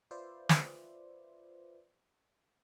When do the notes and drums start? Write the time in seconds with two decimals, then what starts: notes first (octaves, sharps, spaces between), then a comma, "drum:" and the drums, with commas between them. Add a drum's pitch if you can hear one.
0.11 F4 B4 C5 D5 E5
0.49 drum: snare